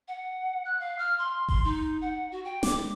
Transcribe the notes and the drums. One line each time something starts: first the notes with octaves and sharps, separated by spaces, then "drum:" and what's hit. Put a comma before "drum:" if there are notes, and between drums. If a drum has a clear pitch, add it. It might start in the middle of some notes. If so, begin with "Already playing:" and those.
F#5
F#6
F5
F6
C6
C6, drum: kick F#1
D#4
F#5
F#4
G5
D6, drum: snare